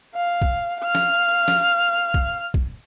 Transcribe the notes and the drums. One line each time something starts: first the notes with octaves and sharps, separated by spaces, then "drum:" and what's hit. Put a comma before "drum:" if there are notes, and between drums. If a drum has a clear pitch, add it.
F5
drum: kick
F5 F6
drum: snare
drum: snare
drum: kick
drum: kick